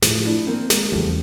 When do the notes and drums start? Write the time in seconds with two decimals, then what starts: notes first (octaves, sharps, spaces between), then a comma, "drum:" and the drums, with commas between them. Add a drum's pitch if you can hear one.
0.02 A2 F3 A3, drum: snare
0.25 D4 E4
0.47 A#3 C4
0.70 G#3 A#3, drum: snare
0.92 E2 C#3 F3 G3 A3